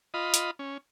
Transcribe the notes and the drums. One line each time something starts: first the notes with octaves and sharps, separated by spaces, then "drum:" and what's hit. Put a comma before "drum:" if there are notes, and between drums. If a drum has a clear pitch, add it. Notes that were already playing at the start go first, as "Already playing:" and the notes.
F4 D#5 B5
drum: hi-hat
C#4